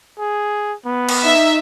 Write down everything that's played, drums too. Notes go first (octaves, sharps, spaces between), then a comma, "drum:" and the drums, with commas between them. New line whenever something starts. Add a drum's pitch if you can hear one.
G#4
B3
drum: cymbal
D#4 E5